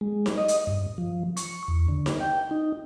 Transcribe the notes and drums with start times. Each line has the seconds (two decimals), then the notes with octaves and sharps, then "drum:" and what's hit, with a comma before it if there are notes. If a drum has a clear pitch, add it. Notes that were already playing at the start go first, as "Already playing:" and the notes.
0.01 G#3
0.26 drum: snare D#4
0.38 D#5
0.48 drum: hi-hat
0.67 G2
0.98 F3
1.37 C#6, drum: hi-hat
1.68 E2
1.88 D3
2.06 drum: snare D#4
2.21 G5
2.51 D#4